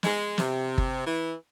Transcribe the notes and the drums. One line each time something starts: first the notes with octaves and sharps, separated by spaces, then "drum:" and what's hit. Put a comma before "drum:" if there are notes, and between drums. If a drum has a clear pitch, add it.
G#3, drum: snare
C3, drum: snare
drum: kick G1
E3